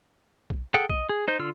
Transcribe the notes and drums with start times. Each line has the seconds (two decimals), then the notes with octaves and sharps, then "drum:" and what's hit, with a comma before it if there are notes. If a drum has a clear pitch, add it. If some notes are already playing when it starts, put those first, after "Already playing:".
0.50 drum: kick B1
0.74 G#4 A4 F#5 G5
0.90 D#5, drum: kick B1
1.09 G#4
1.28 D#4 C5 G6
1.39 D3 F4 E6 F6